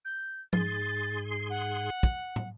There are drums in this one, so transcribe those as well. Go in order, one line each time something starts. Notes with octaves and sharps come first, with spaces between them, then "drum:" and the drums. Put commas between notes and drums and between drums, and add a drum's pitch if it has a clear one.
G6
G#2 G#4 C6 A6, drum: tom F3
C7
F#5
drum: kick
drum: tom